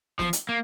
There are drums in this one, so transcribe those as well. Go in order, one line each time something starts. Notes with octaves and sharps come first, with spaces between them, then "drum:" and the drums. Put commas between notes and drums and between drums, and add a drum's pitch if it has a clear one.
F3, drum: snare
drum: hi-hat
A#3